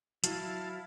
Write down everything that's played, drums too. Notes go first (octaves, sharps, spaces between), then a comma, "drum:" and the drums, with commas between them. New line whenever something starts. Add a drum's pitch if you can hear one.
F#3 E4 F5 A5, drum: hi-hat